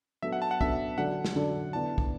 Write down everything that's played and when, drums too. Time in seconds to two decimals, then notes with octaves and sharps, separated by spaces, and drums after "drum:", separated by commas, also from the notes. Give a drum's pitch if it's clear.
0.22 F#3 B3 D4 A4 E5
0.32 F#5
0.42 A5
0.51 F#5
0.61 F#3 B3 D4 A4 E5, drum: kick
0.98 D3 F#3 D4 A4 D5 F#5
1.25 drum: snare
1.36 D3 F#3 D4 A4 D5
1.73 D3 B3 E4 D5 A5
1.98 drum: kick